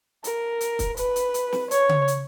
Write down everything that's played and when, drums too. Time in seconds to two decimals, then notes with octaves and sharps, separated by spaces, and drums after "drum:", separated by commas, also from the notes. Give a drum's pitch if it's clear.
0.24 A#4, drum: hi-hat
0.61 drum: hi-hat
0.79 drum: kick, hi-hat
0.97 B4, drum: hi-hat
1.16 drum: hi-hat
1.34 drum: hi-hat
1.52 drum: snare
1.71 C#5, drum: hi-hat
1.89 drum: tom C#3
2.08 drum: hi-hat